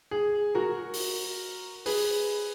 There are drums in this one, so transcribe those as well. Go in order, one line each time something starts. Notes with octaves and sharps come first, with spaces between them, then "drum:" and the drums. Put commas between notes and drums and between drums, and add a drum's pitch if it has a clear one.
G#4
F#4 A#4
drum: open hi-hat
G#4 B4, drum: open hi-hat